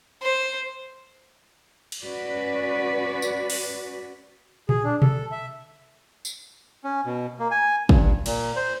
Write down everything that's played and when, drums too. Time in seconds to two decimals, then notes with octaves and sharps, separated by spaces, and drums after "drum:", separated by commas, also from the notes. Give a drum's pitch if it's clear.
0.22 C5
1.92 drum: cymbal
2.03 C#4 F#4 B4 D5
3.22 drum: tambourine
3.50 drum: open hi-hat
4.69 G#4, drum: tom A#2
4.84 D4
5.02 A4, drum: tom B2
5.32 E5
6.25 drum: tambourine
6.84 C#4
7.06 B2
7.39 A#3
7.51 G#5
7.89 G2, drum: kick
8.26 A#2, drum: cymbal
8.56 C5